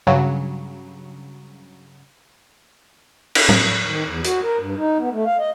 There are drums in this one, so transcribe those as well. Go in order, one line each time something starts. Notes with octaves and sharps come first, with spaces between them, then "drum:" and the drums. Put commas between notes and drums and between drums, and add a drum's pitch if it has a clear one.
G2 C#3 F#3
drum: cymbal
drum: tom
D#3
E2
F#4, drum: hi-hat
A#4
G2
D#4
B3
A3
F5
D#5